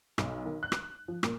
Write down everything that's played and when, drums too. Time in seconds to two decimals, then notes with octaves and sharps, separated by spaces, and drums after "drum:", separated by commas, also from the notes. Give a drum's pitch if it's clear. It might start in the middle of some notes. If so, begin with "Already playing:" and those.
0.18 B1, drum: rim click
0.45 D#3
0.63 F#6
0.72 drum: rim click
1.08 F3
1.23 A#2, drum: rim click